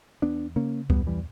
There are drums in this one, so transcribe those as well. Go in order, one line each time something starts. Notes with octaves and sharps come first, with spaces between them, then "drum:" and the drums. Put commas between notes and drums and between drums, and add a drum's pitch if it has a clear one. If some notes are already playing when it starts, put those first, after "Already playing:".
E2 B3 D4
C#3 A#3 C#4
E2 G3 B3, drum: kick C#2
E3 G3